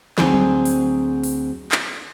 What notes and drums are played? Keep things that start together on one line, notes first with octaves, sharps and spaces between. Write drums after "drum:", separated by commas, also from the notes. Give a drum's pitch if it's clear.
D2 F#3 C4 G#4, drum: snare
drum: tom F#3
drum: open hi-hat
drum: open hi-hat
drum: clap